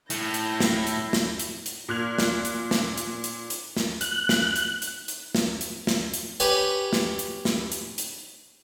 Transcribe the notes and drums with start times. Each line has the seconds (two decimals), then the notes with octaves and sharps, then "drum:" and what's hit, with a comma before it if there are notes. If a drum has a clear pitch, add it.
0.10 A2 E4 G6 A#6, drum: hi-hat
0.34 drum: hi-hat
0.60 drum: snare
0.87 drum: hi-hat
1.13 drum: snare
1.39 drum: hi-hat
1.66 drum: hi-hat
1.89 A#2 F6 F#6 G#6 F7
2.18 drum: snare
2.45 drum: hi-hat
2.71 drum: snare
2.98 drum: hi-hat
3.24 drum: hi-hat
3.50 drum: hi-hat
3.77 drum: snare
4.01 F#6, drum: hi-hat
4.29 drum: snare
4.56 drum: hi-hat
4.82 drum: hi-hat
5.08 drum: hi-hat
5.35 drum: snare
5.61 drum: hi-hat
5.87 drum: snare
6.14 drum: hi-hat
6.40 G4 B4 C#5 G#5, drum: hi-hat
6.93 drum: snare
7.19 drum: hi-hat
7.45 drum: snare
7.72 drum: hi-hat
7.98 drum: hi-hat